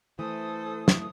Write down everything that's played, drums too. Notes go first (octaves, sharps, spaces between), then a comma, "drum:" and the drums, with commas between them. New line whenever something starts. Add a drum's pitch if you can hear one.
E3 A3 A4 C5 D#6
drum: snare